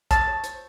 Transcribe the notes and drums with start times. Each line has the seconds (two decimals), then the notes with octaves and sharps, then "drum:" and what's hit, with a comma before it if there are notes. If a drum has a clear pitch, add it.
0.11 C#5 A5, drum: kick, hi-hat
0.28 C#5
0.44 C5, drum: hi-hat